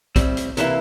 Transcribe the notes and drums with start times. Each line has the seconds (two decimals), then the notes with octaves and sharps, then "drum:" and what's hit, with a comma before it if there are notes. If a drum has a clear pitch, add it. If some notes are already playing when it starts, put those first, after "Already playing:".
0.16 A2 G3 C4, drum: kick, hi-hat
0.37 drum: hi-hat
0.57 C3 E3 A#3 E4, drum: hi-hat